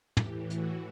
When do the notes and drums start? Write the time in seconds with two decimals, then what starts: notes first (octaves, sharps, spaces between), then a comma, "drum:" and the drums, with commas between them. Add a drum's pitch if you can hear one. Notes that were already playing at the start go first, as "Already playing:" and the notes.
0.17 A2 E3 G4, drum: tom
0.50 F#4, drum: hi-hat